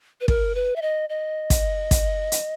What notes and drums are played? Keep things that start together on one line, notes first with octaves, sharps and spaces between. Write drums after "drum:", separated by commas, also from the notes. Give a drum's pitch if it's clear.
B4
A#4, drum: kick
B4
E5
D#5
D#5
drum: kick, hi-hat
drum: kick, hi-hat
drum: hi-hat